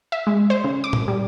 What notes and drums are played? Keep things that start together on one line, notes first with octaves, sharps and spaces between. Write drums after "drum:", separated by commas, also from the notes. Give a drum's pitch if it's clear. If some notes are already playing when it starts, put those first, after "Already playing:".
E5
G#3
C5
C#3
D6
drum: tom A2
G3